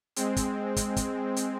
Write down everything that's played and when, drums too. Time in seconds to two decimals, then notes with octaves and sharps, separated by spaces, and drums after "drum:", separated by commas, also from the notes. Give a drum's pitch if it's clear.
0.16 G#3 C4, drum: hi-hat
0.37 drum: kick, hi-hat
0.76 drum: kick, hi-hat
0.96 drum: kick, hi-hat
1.36 drum: hi-hat